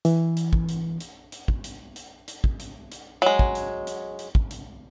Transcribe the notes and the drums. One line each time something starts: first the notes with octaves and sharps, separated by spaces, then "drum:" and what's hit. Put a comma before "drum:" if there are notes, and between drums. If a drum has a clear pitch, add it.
E3, drum: hi-hat
drum: hi-hat
drum: kick
drum: hi-hat
drum: hi-hat
drum: hi-hat
drum: kick
drum: hi-hat
drum: hi-hat
drum: hi-hat
drum: kick
drum: hi-hat
drum: hi-hat
F#3 G#3
drum: kick
drum: hi-hat
drum: hi-hat
drum: hi-hat
drum: kick
drum: hi-hat